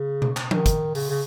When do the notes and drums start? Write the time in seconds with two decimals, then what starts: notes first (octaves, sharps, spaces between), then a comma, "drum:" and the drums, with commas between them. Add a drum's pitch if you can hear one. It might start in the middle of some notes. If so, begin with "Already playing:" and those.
Already playing: C#3
0.22 drum: tom B2
0.37 drum: clap
0.51 D#3, drum: tom F3
0.66 drum: kick, hi-hat
0.95 C#3, drum: open hi-hat
1.10 C#3